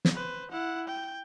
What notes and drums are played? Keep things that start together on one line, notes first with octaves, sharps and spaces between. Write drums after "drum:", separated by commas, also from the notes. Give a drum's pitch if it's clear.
drum: snare
B4 C5
E4 F#5
G5